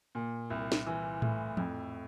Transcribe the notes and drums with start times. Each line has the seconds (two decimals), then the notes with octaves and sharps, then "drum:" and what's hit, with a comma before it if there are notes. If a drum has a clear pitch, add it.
0.15 A#2
0.50 C2
0.72 drum: snare
0.86 E3
1.22 A2, drum: tom A2
1.57 F2, drum: tom F3